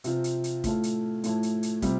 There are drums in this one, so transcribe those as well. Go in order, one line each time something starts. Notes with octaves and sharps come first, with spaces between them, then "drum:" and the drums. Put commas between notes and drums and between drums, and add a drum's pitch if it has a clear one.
C3 F3 C4 F4, drum: hi-hat
drum: hi-hat
drum: hi-hat
A2 A3 F4, drum: kick, hi-hat
drum: hi-hat
A2 F3 A3, drum: hi-hat
drum: hi-hat
drum: hi-hat
C3 G3 C4 F4, drum: kick, hi-hat